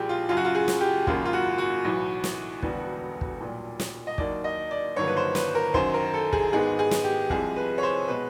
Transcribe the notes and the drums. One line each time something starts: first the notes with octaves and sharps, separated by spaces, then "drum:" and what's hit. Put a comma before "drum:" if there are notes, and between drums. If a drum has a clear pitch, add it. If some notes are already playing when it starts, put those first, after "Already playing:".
Already playing: A#1 A#2 G3 G4 G#4
F4
F#2 C#3 F#3 F4
F#4
F4
G#4
drum: snare
G4
G#1 F#2 C#3 F#3 A#3 F4, drum: kick
F4
F#4
F#4
B1 A2 E3
drum: snare
E1 D2 D3 G3 B3, drum: kick
drum: kick
B1 A#2 G3
drum: snare
D#5
D#2 D#3 F#3 A#3 D5, drum: kick
D#5
D5
G1 G2 D#3 F#3 A#3 C#5
B4
C5
B4, drum: snare
A#4
F#2 D#3 F#3 C5, drum: kick
A#4
A4
G#4, drum: kick
G#1 G#2 D#3 G#3 B3 G#4
G#4
drum: snare
G4
C2 C3 F3 G#3 G#4, drum: kick
B4
C#5
C5
B2 G#3 B3 B4